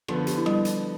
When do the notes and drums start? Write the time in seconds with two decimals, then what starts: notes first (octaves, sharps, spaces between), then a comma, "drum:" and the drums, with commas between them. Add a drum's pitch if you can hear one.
0.08 D3 F3 B3 F4, drum: rim click
0.27 G4, drum: hi-hat
0.37 E4
0.46 G3, drum: rim click
0.65 drum: hi-hat